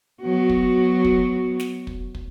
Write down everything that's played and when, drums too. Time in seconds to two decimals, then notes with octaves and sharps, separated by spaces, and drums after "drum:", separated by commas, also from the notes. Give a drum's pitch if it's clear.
0.22 F#3 B3 F#4
0.49 drum: kick
1.05 drum: kick
1.60 drum: snare
1.87 drum: kick
2.15 drum: kick